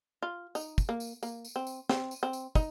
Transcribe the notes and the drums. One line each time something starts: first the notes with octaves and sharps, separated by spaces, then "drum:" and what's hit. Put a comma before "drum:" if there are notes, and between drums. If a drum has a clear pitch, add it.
F4
D#4, drum: tambourine
drum: kick, tambourine
A#3
drum: tambourine
A#3, drum: tambourine
drum: tambourine
C4
drum: tambourine
C4, drum: snare
drum: tambourine
C4
drum: tambourine
D#4, drum: kick, tambourine